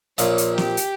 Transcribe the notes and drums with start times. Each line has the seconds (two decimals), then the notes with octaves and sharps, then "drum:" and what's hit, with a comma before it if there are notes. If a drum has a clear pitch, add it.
0.18 A#1 A#2 F3 C#5, drum: hi-hat
0.38 drum: hi-hat
0.58 G4, drum: snare
0.77 drum: hi-hat